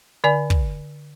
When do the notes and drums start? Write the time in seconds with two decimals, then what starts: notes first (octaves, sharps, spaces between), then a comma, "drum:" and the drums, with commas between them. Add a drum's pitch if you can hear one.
0.24 D3 D5 G#5
0.50 drum: kick